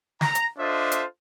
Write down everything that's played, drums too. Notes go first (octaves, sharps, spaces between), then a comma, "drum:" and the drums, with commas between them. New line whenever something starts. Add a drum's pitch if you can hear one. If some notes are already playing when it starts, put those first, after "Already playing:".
A#5, drum: snare
drum: hi-hat
D4 F4 A4 C5 D#5 E5
drum: hi-hat